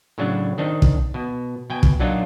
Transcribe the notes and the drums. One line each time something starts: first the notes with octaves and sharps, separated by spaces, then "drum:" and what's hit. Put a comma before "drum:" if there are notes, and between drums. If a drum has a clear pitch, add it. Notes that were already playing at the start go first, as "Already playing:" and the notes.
A2 C#3 F#3 D4
D#3 C4 D4 D#4
drum: kick
B2
B2 G5 G#5
drum: kick
A#2 F#3 D4 D#4 F4